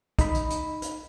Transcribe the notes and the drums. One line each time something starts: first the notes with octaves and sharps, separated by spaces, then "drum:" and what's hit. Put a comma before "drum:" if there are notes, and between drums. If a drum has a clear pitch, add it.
D#4 B5, drum: kick, hi-hat
drum: hi-hat
drum: hi-hat
drum: hi-hat